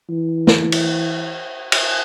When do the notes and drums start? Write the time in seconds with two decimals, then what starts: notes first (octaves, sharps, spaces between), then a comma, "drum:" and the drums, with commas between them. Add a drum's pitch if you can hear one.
0.09 E3
0.47 drum: snare
0.72 drum: cymbal
1.72 drum: cymbal